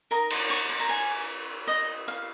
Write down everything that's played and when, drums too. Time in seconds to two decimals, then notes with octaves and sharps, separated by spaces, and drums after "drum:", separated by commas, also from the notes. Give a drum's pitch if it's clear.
0.11 D#4 A#4 D#5 A#5
0.30 C6, drum: cymbal
0.50 C#6
0.70 C6
0.80 A#5
0.89 G#5
1.67 D#5
2.08 F5